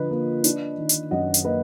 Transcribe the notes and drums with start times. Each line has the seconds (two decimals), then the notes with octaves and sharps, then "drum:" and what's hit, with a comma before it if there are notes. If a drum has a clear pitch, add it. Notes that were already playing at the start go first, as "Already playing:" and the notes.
Already playing: D3 F3 B4 D#5
0.10 A#3
0.44 D4, drum: hi-hat
0.78 D#3
0.89 drum: hi-hat
1.11 F#2 D#5 F#5
1.34 drum: hi-hat
1.44 A#3 B4 D#5